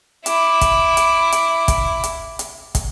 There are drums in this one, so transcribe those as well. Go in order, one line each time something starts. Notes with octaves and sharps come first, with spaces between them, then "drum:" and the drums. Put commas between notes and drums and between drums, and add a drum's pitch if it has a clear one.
E4 D6, drum: hi-hat
drum: kick, hi-hat
drum: hi-hat
drum: hi-hat
drum: kick, hi-hat
drum: hi-hat
drum: hi-hat
drum: kick, hi-hat